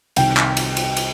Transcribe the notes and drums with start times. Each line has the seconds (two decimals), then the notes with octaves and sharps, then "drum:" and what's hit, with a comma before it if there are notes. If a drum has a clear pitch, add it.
0.16 C2 C3 D#3 G5, drum: cymbal
0.37 drum: clap
0.57 drum: cymbal
0.77 drum: cymbal
0.97 drum: cymbal